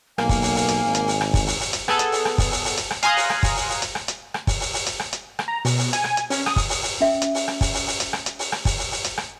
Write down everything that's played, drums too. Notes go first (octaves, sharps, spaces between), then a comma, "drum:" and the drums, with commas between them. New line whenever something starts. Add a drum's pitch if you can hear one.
B1 A#3 G#5, drum: rim click
drum: kick, open hi-hat
drum: open hi-hat
drum: open hi-hat
drum: hi-hat
G#1
drum: hi-hat
drum: open hi-hat
drum: rim click
drum: kick, open hi-hat
drum: open hi-hat
drum: open hi-hat
drum: hi-hat
B3 G#4 A4, drum: rim click
drum: hi-hat
drum: open hi-hat
drum: rim click
drum: kick, open hi-hat
drum: open hi-hat
drum: open hi-hat
drum: hi-hat
drum: rim click
F5 G#5 A#5 C6 D#6 F#6, drum: hi-hat
drum: open hi-hat
drum: rim click
drum: kick, open hi-hat
drum: open hi-hat
drum: open hi-hat
drum: hi-hat
drum: rim click
drum: hi-hat
drum: rim click
drum: kick, open hi-hat
drum: open hi-hat
drum: open hi-hat
drum: hi-hat
drum: rim click
drum: hi-hat
drum: rim click
A#5
B2, drum: open hi-hat
drum: open hi-hat
G#5, drum: hi-hat
drum: rim click
drum: hi-hat
C#4, drum: open hi-hat
D#6, drum: rim click
drum: kick, open hi-hat
drum: open hi-hat
drum: open hi-hat
C#4 E5
drum: hi-hat
drum: open hi-hat
drum: rim click
drum: kick, open hi-hat
drum: open hi-hat
drum: open hi-hat
drum: hi-hat
drum: rim click
drum: hi-hat
drum: open hi-hat
drum: rim click
drum: kick, open hi-hat
drum: open hi-hat
drum: open hi-hat
drum: hi-hat
drum: rim click